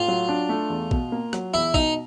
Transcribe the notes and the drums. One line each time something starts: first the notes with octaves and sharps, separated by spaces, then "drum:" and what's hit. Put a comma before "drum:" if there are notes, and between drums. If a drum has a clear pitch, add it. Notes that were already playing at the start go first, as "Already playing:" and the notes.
Already playing: A2 F4
F#3
D4
A3
E2
B2, drum: kick
A#3
F#3, drum: rim click
E2 E4
B2 D#4, drum: kick